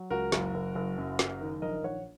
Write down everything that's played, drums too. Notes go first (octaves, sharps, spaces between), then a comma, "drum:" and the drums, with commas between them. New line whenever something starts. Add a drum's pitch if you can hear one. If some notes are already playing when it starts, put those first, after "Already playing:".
Already playing: F#3
C#2 F#4 A#4
F#1, drum: snare
F#1
F#1
F#2
F#1, drum: snare
D#3
A#1 A#4 D#5
A#1 C#5 F#5